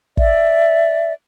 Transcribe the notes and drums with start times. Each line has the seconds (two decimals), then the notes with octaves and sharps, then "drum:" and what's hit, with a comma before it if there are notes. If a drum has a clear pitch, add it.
0.17 D5 E5, drum: kick